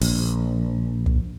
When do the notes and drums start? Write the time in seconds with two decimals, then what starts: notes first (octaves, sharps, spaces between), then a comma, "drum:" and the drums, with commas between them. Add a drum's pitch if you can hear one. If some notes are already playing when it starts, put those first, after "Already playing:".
0.01 A#1, drum: open hi-hat
1.06 drum: kick